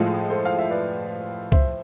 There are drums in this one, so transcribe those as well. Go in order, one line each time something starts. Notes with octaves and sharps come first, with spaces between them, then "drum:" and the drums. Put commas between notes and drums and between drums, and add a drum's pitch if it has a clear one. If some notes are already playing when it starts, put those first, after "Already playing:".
Already playing: A2 F3 G#3 F4 A4
A4 C5
F5
E5
B4 D5
C5 E5, drum: kick